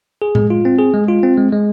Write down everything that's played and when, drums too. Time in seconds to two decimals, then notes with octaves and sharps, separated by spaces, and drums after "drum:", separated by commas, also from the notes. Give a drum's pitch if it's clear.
0.22 G#4
0.35 G#3, drum: tom A2
0.50 F4
0.65 C4
0.79 G#4
0.94 G#3
1.08 F4
1.23 C4
1.37 G#3
1.52 G#3